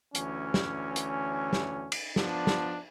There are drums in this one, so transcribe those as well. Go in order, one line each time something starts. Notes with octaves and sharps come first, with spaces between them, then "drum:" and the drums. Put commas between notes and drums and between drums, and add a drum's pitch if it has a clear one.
D2 E3 C#4, drum: hi-hat
drum: snare
drum: hi-hat
drum: snare
drum: cymbal
F3 B3 D4, drum: snare
drum: snare